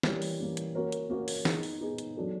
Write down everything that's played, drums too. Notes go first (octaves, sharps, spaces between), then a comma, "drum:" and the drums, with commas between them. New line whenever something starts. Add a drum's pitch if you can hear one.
E3 G3 A#3 C#4, drum: snare
drum: open hi-hat
E3 G3 A#3 C#4
drum: hi-hat
A#3 C#4 F#4 A#4 C#5
drum: hi-hat
A#3 C#4 F#4 A#4 C#5
drum: open hi-hat
B3 D#4 G#4, drum: snare
drum: open hi-hat
B3 D#4 G#4
drum: hi-hat
F#3 B3 D4 F#4 A4